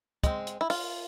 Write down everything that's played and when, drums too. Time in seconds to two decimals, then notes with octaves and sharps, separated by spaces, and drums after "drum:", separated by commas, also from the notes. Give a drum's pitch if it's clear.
0.23 G#3 C4, drum: kick, hi-hat
0.47 drum: hi-hat
0.61 E4
0.70 F4, drum: open hi-hat